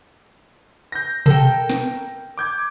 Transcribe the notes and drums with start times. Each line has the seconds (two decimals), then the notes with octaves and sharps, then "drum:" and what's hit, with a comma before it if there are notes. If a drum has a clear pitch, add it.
0.92 G6 A#6
1.26 A4 A#4 G5, drum: tom B2
1.70 drum: snare
2.38 D6 G6 G#6